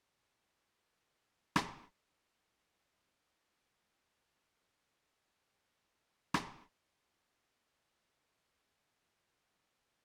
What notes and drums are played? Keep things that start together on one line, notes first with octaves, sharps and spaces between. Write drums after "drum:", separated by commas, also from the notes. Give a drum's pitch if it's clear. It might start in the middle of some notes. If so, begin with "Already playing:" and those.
E1 F#2 B3
drum: rim click
G3 E4
G3 A#3 F4
A4 C5 C#5 F#5 B5
drum: rim click
G3 C#4 F4
B3 D4 F4
C5
D2 D3 A#3 C#6
A#1 G#2 A#3 A#4 B4